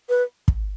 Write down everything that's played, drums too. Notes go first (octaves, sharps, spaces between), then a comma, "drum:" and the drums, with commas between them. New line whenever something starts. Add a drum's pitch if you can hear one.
B4
drum: kick